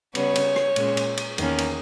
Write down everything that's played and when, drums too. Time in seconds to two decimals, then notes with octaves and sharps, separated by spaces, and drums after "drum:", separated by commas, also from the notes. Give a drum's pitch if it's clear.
0.15 C#3 G3 B3 C#5, drum: cymbal
0.36 drum: cymbal
0.56 drum: rim click
0.76 A#2 G#3 C#4, drum: cymbal
0.97 drum: cymbal
1.17 drum: cymbal
1.38 E2 D#3 A#3 C#4, drum: cymbal
1.58 drum: cymbal